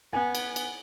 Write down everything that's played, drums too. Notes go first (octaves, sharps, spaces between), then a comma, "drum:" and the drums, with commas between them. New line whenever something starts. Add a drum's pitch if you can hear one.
B3 G#5
drum: cymbal
drum: cymbal